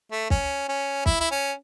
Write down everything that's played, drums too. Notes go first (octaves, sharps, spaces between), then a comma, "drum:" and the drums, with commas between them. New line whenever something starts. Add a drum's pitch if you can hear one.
A3
C#4, drum: kick
C#4
E4, drum: kick
E4
C#4